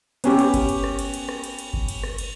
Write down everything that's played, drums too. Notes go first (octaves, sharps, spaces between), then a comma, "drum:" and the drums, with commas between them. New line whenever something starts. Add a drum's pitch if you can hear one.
B3 C#4 G4, drum: cymbal
drum: cymbal
drum: kick G1, cymbal
drum: cymbal
drum: rim click
drum: cymbal
drum: cymbal
drum: rim click
drum: cymbal
drum: cymbal
drum: kick G1
drum: cymbal
drum: rim click
drum: cymbal